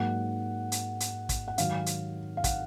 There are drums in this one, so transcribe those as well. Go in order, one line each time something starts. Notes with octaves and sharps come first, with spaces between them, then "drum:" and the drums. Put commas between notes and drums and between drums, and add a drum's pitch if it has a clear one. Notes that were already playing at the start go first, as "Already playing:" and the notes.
Already playing: G#2 F#3 A#3 D#4 F#5
drum: hi-hat
drum: hi-hat
drum: kick, hi-hat
F#5
G#2 D#3 F#3 F5, drum: hi-hat
drum: hi-hat
F5
F#5, drum: kick, hi-hat